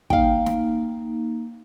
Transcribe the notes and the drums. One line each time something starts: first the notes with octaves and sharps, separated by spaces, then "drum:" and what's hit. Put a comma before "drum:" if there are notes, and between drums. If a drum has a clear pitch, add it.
A#3 D#4 F5 G5, drum: kick
drum: snare